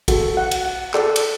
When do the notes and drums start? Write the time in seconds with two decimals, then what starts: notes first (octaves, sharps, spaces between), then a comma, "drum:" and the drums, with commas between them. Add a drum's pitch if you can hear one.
0.08 F#4 A4, drum: kick, cymbal
0.37 F#5
0.51 drum: cymbal
0.66 F#5
0.94 A4 D5, drum: clap
1.16 drum: cymbal